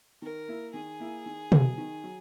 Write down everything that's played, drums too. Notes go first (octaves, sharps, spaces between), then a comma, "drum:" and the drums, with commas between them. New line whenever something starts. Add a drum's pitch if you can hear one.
D#3 A#4
A#3 E4
D#3 G#4
A#3 E4
D#3
F#3 B3, drum: tom
D#3
F#3